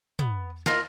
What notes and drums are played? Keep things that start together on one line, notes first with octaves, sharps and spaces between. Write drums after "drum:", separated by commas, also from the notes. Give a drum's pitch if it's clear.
B3, drum: tom
F4 A#4 D#5, drum: snare